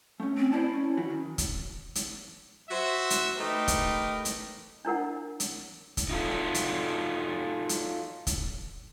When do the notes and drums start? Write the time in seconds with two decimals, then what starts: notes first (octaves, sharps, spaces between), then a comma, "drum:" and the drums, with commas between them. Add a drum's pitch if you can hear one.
0.20 A3 C#4
0.37 C4
0.52 E4 C5 D5 A5
0.73 C#4
0.97 E3 C#4 F#4
1.10 D#3
1.38 drum: kick, hi-hat
1.95 drum: hi-hat
2.69 F#4 C5 E5
3.10 drum: hi-hat
3.38 A3 D#4 G4 A#4 B4
3.68 drum: kick, hi-hat
4.25 drum: hi-hat
4.85 D4 E4 A#4 F#5
5.40 drum: hi-hat
5.97 drum: kick, hi-hat
6.10 D#4 F4 F#4 A4
6.54 drum: hi-hat
7.69 drum: hi-hat
8.27 drum: kick, hi-hat